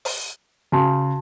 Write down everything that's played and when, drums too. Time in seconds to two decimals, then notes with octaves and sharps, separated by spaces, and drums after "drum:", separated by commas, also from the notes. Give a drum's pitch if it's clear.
0.05 drum: open hi-hat
0.72 C#3 F#4 A5